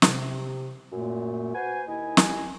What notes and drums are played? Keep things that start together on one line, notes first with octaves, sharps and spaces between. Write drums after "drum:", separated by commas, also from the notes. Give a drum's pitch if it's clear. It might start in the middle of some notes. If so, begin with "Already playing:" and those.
C3, drum: snare
F#2 A#2 A3 A#3
F#4 B4 C5 F#5 G#5
D#2 E4 D#5 G#5
drum: snare